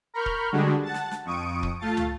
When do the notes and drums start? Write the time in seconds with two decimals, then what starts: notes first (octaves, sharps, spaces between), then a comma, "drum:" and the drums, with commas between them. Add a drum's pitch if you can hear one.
0.14 A#4 B5 C#6 F6 G6
0.26 drum: kick
0.52 D3 G3 G#3 D4 F#4
0.83 F#5 A5 A6
0.94 drum: snare
1.11 drum: snare
1.25 F2 C#6 D#6 D7
1.63 drum: kick
1.80 A3 F4 A5 A6
1.97 drum: tom